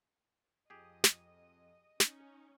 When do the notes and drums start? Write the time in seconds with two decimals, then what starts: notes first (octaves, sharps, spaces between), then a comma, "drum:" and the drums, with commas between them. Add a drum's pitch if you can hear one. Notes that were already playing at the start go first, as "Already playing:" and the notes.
0.70 F2 G4 G#4 D#5
1.04 drum: snare
2.00 C#4 D#4, drum: snare